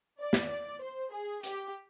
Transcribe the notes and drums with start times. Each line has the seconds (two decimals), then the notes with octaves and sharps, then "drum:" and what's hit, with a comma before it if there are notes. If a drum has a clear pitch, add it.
0.21 D5
0.33 drum: snare
0.51 D5
0.82 C5
1.13 G#4
1.43 G4, drum: hi-hat